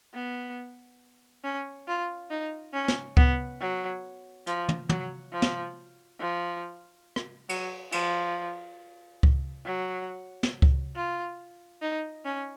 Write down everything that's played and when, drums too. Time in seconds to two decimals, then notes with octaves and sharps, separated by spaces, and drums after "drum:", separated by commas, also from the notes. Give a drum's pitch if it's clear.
0.14 B3
1.44 C#4
1.88 F4
2.31 D#4
2.74 C#4
2.88 drum: snare
3.17 B3, drum: kick C#2
3.61 F#3
4.47 F3, drum: hi-hat
4.69 drum: tom
4.89 F#3, drum: tom
5.33 F3
5.42 drum: snare
6.20 F3
7.16 drum: rim click
7.49 F#3, drum: cymbal
7.92 F3, drum: cymbal
9.23 drum: kick C#2
9.66 F#3
10.43 drum: snare
10.62 drum: kick C#2
10.96 F4
11.82 D#4
12.25 C#4